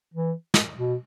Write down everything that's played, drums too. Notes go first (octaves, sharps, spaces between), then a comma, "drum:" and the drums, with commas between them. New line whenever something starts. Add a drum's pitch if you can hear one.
E3
drum: snare
B2